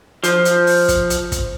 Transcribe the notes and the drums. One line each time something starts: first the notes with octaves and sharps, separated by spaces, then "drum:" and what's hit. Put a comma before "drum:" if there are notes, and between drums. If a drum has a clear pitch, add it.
F3, drum: hi-hat
drum: hi-hat
drum: open hi-hat
drum: kick, hi-hat
drum: hi-hat
drum: kick, hi-hat